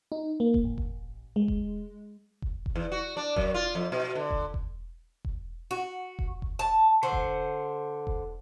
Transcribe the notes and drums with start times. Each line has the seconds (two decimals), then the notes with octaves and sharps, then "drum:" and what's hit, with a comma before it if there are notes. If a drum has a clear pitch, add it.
0.12 D#4
0.40 A#3
0.54 drum: kick E1
0.64 A1
0.78 drum: kick E1
1.36 G#3
1.48 drum: kick E1
2.42 drum: kick E1
2.66 drum: kick E1
2.76 E2
2.92 F#4
3.17 D4
3.36 F#2, drum: kick E1
3.54 F4
3.75 F2
3.92 B2
4.15 D3
4.30 drum: kick E1
4.54 drum: kick E1
5.25 drum: kick E1
5.71 F#4
6.19 drum: kick E1
6.42 drum: kick E1
6.59 A5
7.03 D3 C5 F#5
7.13 drum: kick E1
8.07 drum: kick E1